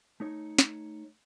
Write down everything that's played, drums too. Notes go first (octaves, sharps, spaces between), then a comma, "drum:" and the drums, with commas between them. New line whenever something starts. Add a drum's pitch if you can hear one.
A3 D#4 C#5
drum: snare